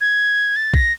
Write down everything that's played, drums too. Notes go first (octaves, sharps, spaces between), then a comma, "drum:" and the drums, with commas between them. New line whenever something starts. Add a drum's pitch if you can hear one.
G#6
A6
A#6, drum: kick